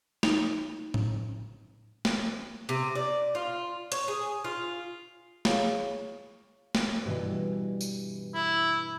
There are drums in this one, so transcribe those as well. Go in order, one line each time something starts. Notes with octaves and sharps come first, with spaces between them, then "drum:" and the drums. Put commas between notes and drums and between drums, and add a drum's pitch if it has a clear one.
D#4, drum: snare
drum: tom A2
drum: snare
C3
D5
F4
C#5, drum: hi-hat
G#4
F4
G#4 C#5 F5, drum: snare
drum: snare
G2 B2 E3
drum: tambourine
E4